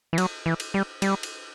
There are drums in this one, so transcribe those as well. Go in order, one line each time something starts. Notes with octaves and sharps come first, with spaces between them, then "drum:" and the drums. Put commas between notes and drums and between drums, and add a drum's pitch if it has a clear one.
E3
F#3, drum: cymbal
E3
drum: cymbal
G3
G3, drum: cymbal
drum: cymbal